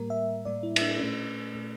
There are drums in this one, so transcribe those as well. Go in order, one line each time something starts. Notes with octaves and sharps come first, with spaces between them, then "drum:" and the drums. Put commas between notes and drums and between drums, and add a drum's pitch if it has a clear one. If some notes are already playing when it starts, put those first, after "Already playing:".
Already playing: A2 G3 A#3 A#4
E5
A2 G3 A#3 D5
E4
E4, drum: cymbal
D4
A#2 A3 C#4
A#2 A3